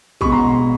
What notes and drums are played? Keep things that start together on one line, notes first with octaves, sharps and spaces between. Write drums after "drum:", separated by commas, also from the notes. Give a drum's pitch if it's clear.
B2 G#3 B5 C#6, drum: kick
A#5 C6